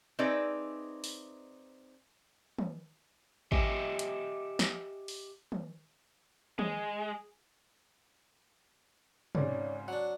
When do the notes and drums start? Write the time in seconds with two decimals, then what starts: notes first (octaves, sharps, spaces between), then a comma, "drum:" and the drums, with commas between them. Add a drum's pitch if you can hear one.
0.19 C4 D#4 G#4 B4 D5 E5
1.04 drum: open hi-hat
2.59 drum: tom
3.52 G4 D#5 E5 G5 G#5, drum: kick G#1
3.99 drum: hi-hat
4.59 drum: snare
5.08 drum: open hi-hat
5.52 drum: tom
6.59 G#3 G#4, drum: tom
9.35 G#1 G#2 C#3 C#5 D5, drum: tom
9.88 F#3 D4 F#5